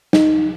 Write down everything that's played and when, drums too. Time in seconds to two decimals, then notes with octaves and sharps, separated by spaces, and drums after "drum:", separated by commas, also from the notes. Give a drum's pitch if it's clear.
0.13 D#4, drum: snare